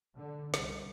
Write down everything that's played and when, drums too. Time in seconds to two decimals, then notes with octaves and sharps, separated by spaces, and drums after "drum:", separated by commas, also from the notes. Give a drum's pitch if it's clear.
0.17 D3
0.54 C2, drum: snare